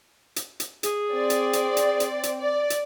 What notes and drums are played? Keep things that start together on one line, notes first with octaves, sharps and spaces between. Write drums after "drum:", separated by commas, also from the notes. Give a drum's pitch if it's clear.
drum: hi-hat
drum: hi-hat
G#4, drum: hi-hat
C4 D5
drum: hi-hat
drum: hi-hat
drum: hi-hat
drum: hi-hat
drum: hi-hat
D5
drum: hi-hat